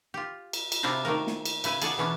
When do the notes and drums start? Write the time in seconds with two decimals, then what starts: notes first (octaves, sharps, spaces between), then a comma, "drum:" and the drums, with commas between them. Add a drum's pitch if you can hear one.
0.14 F4 G4
0.53 drum: cymbal
0.72 drum: cymbal
0.83 C3 D4 E4 F4 C5 A#5
1.05 D#3 A3 A#3 A#4
1.27 drum: snare
1.45 drum: cymbal
1.64 C#3 E4 B4 G#5, drum: cymbal
1.82 G#4 A4 D5 F#5, drum: cymbal
1.98 B2 E3 C#4 D4